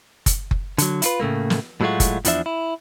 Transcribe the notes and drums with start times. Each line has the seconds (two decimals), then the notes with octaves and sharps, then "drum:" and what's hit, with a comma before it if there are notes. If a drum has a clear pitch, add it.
0.26 drum: kick F#1, hi-hat
0.51 drum: kick F#1
0.78 D3 F#3, drum: hi-hat
1.02 E4 F4 B4, drum: hi-hat
1.20 A2 C#3 A3 A#3
1.50 drum: snare
1.81 A2 F#3 G#3 A3 F4 F#4
2.00 drum: kick F#1, hi-hat
2.25 E2 E3 F3 D4 E5, drum: hi-hat
2.46 E4